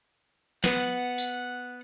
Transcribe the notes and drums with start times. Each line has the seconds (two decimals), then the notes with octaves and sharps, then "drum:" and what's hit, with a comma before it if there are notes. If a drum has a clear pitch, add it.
0.64 B3 F#5, drum: snare
1.18 drum: tambourine